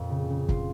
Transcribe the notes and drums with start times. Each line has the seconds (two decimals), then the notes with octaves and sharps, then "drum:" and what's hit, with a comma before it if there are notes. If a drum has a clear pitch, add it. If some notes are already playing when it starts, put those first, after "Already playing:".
Already playing: F2 A#2 F3 A#3 F4
0.10 C#3
0.29 C#3
0.49 F4, drum: kick